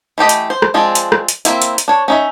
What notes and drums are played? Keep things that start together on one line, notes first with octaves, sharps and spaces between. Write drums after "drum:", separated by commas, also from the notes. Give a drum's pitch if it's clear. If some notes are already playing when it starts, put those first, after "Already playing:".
E3 A3 G4 D#5
drum: hi-hat
C5
drum: rim click
F3 G#3 C4 D4
drum: hi-hat
drum: rim click
drum: hi-hat
A#3 C4 E4, drum: hi-hat
drum: hi-hat
drum: hi-hat
D4 C#5
C#4 D#4 E5